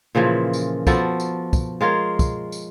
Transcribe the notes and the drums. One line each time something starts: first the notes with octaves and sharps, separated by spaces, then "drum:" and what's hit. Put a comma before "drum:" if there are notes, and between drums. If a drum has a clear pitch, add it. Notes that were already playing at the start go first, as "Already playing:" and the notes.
A#2 C#3 E3 F3
drum: tambourine
F3 B3 F#4 A4, drum: kick, tambourine
drum: tambourine
drum: kick, tambourine
G#3 F4 A#4 C#5
drum: kick, tambourine
drum: tambourine